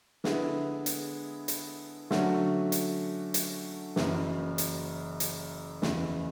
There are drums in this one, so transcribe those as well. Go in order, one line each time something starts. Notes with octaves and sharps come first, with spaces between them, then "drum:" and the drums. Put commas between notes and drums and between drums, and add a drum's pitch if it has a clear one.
D3 G#3 B3 E4 G#4, drum: snare
drum: hi-hat
drum: hi-hat
D3 F#3 A3 C#4 F#4, drum: snare
drum: hi-hat
drum: hi-hat
F#1 F#2 E3, drum: snare
drum: hi-hat
drum: hi-hat
F#1 E2 C#3 E3, drum: snare